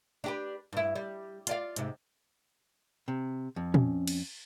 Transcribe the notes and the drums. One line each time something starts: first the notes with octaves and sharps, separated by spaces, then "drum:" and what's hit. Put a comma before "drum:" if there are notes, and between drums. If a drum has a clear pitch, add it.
D4 G4 B4
G2 E4
G3
F4 D5 F5, drum: hi-hat
G#2 C3, drum: hi-hat
C3
F2
C#4, drum: tom A#2
drum: cymbal